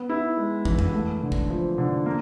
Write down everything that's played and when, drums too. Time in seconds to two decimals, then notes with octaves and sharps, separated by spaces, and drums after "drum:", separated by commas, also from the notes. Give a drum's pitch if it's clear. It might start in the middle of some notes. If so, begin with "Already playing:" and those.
Already playing: B3
0.09 E4
0.37 G#3
0.65 E3, drum: kick
0.79 drum: tom F2
0.94 A3
1.22 D3
1.32 drum: kick
1.50 F3
1.78 D3
2.06 A#3